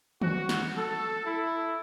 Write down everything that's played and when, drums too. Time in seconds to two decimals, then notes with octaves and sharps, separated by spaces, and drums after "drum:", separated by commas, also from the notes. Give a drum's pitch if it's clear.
0.22 F#4, drum: tom D#3
0.49 drum: snare
0.76 A4
1.25 E4